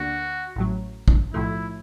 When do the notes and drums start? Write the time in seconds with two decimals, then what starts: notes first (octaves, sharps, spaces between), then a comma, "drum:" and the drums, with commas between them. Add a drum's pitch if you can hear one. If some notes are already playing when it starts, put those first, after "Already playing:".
Already playing: D2 D3 A#3 D4 F#4
0.56 A1 A2 F#3
1.08 drum: kick
1.34 B1 A2 F3 A3 E4